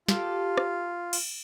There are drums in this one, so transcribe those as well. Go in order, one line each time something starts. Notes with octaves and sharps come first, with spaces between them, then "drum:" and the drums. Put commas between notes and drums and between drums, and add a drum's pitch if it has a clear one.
F4 G4 A4, drum: snare
drum: rim click
drum: cymbal